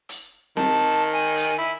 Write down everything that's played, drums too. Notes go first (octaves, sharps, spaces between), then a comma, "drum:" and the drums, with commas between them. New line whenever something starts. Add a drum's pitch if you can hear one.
drum: hi-hat
D#3 A5, drum: snare C4
G#5
drum: hi-hat
E4